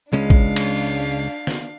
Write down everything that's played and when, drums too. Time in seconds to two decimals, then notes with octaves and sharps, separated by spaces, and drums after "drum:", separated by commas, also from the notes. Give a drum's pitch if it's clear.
0.13 C#2 G#3 C#4 D4 F5
0.30 drum: kick A1
0.56 drum: cymbal
1.47 drum: snare